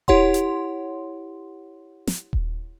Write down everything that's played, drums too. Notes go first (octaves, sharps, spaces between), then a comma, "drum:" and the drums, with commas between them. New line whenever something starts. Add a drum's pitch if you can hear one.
E4 G4 C#5 F#5 C6, drum: kick D#1
drum: hi-hat
drum: snare
drum: kick D#1